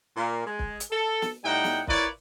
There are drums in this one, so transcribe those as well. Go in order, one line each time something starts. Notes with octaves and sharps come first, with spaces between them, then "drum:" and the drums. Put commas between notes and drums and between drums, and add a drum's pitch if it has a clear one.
A#2 A#3
G#3
drum: kick
drum: hi-hat
A4
drum: snare
A2 G3 D#4 E4 F#5 G5
drum: snare
E4 F4 A#4 B4 C#5 D5, drum: kick